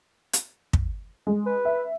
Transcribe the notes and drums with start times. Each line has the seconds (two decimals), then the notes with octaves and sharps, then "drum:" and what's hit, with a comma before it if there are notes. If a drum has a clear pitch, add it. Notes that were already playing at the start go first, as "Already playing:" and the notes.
0.33 drum: hi-hat
0.73 drum: kick
1.27 G#3
1.46 B4
1.65 E5